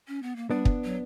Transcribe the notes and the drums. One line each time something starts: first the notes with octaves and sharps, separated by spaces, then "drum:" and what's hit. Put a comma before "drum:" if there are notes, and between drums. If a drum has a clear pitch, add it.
C#4
B3
A#3
G3 B3 D4
drum: kick
F#3